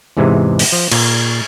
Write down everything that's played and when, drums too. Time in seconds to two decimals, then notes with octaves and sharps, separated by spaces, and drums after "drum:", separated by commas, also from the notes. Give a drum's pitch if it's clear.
0.17 E2 G#2 C3 E3 G#3
0.59 drum: open hi-hat
0.72 F3
0.91 A#2, drum: cymbal